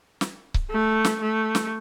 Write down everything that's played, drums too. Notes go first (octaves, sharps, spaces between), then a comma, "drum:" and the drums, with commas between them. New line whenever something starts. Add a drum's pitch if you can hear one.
drum: snare
drum: kick C#1
A3
drum: snare
A3
drum: snare